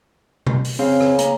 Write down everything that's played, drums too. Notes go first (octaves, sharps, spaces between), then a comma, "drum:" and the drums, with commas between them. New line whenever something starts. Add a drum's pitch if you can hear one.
drum: tom B2
drum: open hi-hat
C#3 C4 F5
drum: rim click
A#3 A#5, drum: hi-hat